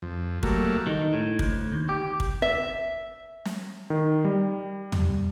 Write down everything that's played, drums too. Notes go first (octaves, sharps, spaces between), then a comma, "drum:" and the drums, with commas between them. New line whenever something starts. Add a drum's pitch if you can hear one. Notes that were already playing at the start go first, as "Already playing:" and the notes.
F2
F#3 G3 A3 A#3, drum: kick
D#3
A2
D2, drum: kick
D#2
G4
drum: kick
E5
drum: snare
D#3
G3
drum: tom